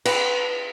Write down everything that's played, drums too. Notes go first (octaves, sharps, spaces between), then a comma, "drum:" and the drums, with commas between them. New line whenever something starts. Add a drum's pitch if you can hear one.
B4, drum: cymbal